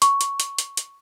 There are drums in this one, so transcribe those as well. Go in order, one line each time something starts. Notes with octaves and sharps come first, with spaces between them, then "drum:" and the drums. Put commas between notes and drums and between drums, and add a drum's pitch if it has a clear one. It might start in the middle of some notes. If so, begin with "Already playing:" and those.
C#6, drum: hi-hat
drum: hi-hat
drum: hi-hat
drum: hi-hat
drum: hi-hat